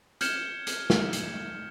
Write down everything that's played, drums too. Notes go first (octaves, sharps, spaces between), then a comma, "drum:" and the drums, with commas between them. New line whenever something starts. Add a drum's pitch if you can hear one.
F6 G6 G#6 C#7 E7 G7, drum: hi-hat
drum: hi-hat
drum: snare
drum: hi-hat